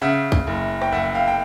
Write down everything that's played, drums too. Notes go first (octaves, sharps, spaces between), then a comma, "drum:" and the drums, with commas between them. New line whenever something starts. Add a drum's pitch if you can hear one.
C#3 E5 F#5
drum: kick
F#1
G5, drum: rim click
F#1 E5 F#5
F5 G5
G5